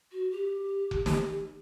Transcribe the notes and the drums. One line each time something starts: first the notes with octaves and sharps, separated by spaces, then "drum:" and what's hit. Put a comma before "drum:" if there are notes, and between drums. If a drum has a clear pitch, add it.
F#4
G4
drum: kick F1
drum: snare